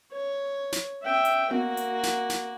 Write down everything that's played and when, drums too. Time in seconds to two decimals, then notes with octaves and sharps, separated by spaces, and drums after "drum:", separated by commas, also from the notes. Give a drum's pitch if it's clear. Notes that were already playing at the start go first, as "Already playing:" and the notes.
0.12 C#5
0.72 drum: snare
1.03 E5 G5
1.25 drum: hi-hat
1.51 A#3 F#4, drum: tom B3
1.77 drum: hi-hat
2.03 drum: snare
2.30 drum: snare